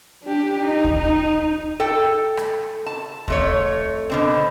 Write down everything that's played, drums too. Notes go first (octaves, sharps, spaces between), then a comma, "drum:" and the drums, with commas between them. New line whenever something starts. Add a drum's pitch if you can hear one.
D4 G4
D#4
drum: kick D2
D#4
A4 G5
drum: rim click
A5
F2 A3 C#5, drum: kick D2
B2 D3 C4